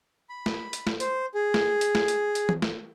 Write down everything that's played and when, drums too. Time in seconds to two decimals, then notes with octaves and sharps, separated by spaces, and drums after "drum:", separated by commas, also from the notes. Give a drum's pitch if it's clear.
0.29 B5
0.46 drum: snare
0.73 drum: hi-hat
0.87 drum: snare
1.00 C5, drum: hi-hat
1.34 G#4
1.54 drum: snare
1.81 drum: hi-hat
1.95 drum: snare
2.08 drum: hi-hat
2.35 drum: hi-hat
2.49 drum: tom E3
2.62 drum: snare